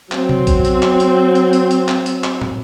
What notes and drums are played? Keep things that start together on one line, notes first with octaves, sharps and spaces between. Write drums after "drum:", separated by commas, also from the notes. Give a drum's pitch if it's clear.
F#3 C4, drum: clap
drum: tom C3
drum: kick A1, hi-hat
drum: hi-hat
drum: clap
drum: hi-hat
drum: hi-hat
drum: hi-hat
drum: hi-hat
drum: clap
drum: hi-hat
drum: clap
drum: tom